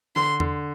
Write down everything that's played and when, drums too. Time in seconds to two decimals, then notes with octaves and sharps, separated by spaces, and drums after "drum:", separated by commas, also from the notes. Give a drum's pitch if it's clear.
0.16 D3 C6
0.40 D3, drum: tom E2